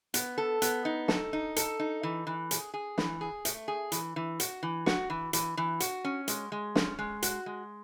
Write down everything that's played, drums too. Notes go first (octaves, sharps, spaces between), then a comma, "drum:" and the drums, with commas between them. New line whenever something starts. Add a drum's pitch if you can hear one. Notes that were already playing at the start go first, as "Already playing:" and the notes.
B3, drum: hi-hat
A4
B3, drum: hi-hat
D#4
A4, drum: snare
D#4
A4, drum: hi-hat
D#4
E3
E3
G#4, drum: hi-hat
G#4
E3, drum: snare
G#4
A3, drum: hi-hat
G#4
E3, drum: hi-hat
E3
F#4, drum: hi-hat
E3
F#4, drum: snare
E3
E3, drum: hi-hat
E3
F#4, drum: hi-hat
C#4
G#3, drum: hi-hat
G#3
C#4, drum: snare
G#3
F#4, drum: hi-hat
G#3